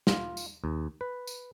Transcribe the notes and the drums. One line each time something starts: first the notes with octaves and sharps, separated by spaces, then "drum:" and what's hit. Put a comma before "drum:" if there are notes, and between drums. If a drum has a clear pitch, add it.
F4, drum: snare
drum: tambourine
D#2
B4
drum: tambourine